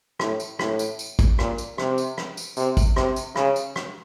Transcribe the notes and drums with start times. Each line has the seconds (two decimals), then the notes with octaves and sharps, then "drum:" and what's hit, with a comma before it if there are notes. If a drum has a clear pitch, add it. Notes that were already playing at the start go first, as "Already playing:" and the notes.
0.19 A2, drum: rim click
0.40 drum: tambourine
0.59 A2, drum: rim click
0.79 drum: tambourine
0.99 drum: tambourine
1.19 drum: kick, tambourine
1.39 A#2, drum: rim click
1.58 drum: tambourine
1.78 C3, drum: rim click
1.98 drum: tambourine
2.18 drum: rim click
2.37 drum: tambourine
2.57 C3, drum: tambourine
2.77 drum: kick, tambourine
2.96 C3, drum: rim click
3.16 drum: tambourine
3.36 C#3, drum: rim click
3.56 drum: tambourine
3.76 drum: rim click